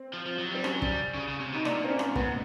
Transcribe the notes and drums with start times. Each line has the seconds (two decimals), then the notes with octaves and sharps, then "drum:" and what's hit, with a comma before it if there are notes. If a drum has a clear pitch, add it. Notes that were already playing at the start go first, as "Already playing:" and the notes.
Already playing: C4
0.13 F3
0.26 F3
0.39 F#3
0.51 G3 C4
0.64 F#3 C#4, drum: rim click
0.82 G3, drum: kick
1.14 C#3
1.28 C#3
1.40 C3
1.53 B2 D#4
1.65 A#2 D4, drum: rim click
1.84 C4
1.90 C#4
1.99 drum: rim click
2.16 G#2 B3, drum: kick